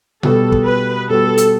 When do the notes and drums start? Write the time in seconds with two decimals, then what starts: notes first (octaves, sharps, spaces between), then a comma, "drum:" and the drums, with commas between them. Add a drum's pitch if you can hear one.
0.23 B2 G3 B3 F#4 A4, drum: tom B2
0.52 drum: kick
0.66 B4
1.09 B2 G3 B3 F#4 A4
1.38 drum: hi-hat